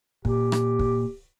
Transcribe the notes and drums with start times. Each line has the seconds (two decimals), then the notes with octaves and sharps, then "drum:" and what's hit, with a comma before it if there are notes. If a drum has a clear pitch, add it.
0.25 A#2 G4, drum: kick
0.52 drum: rim click
0.79 drum: kick